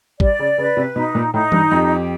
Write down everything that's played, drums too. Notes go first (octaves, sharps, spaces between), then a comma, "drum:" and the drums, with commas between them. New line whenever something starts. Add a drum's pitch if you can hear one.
G3 D5, drum: kick G#1
C#3
C#3 B4
C3
B2 D#4
A#2
A2 D#4
G2, drum: tom D#3
F2 G4